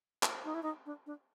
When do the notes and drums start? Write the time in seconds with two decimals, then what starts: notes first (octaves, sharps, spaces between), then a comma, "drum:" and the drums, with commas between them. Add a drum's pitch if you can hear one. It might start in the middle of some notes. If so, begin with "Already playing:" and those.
0.23 drum: clap
0.45 D#4
0.54 E4
0.63 D#4
0.86 D4
1.06 D4